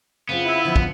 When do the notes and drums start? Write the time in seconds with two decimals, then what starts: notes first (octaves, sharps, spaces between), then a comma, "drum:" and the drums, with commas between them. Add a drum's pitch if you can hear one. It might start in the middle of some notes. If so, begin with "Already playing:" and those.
0.29 C#3 B3 C4 F4
0.45 E4
0.65 D3 F3 C4
0.76 drum: kick